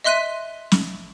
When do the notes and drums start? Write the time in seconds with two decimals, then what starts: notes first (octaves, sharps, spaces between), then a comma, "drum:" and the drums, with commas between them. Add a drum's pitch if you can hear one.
0.04 D#5 E5 C6 F#6 B6 D#7
0.72 drum: snare